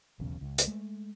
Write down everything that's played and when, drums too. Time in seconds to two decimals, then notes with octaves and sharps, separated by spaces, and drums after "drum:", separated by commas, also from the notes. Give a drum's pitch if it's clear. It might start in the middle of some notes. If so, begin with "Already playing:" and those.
0.19 D#1 B1 E2 C#3
0.41 C#2
0.58 drum: hi-hat
0.68 G#3 A3